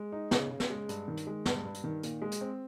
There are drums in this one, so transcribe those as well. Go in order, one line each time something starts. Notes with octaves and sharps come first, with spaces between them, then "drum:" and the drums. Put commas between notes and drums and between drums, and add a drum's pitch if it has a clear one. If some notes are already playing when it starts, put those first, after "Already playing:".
Already playing: G#3
D#4
C#3, drum: snare
C#3
drum: snare
G#3
G2, drum: hi-hat
D#3
drum: hi-hat
G#3
G2, drum: snare
G2
drum: hi-hat
D#3
A#2, drum: hi-hat
G#3
drum: hi-hat
C4